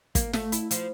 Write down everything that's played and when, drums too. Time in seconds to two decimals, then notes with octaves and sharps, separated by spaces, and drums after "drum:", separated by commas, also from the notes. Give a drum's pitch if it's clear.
0.15 A#3, drum: kick, hi-hat
0.33 A3, drum: snare
0.52 E4, drum: hi-hat
0.71 F3, drum: hi-hat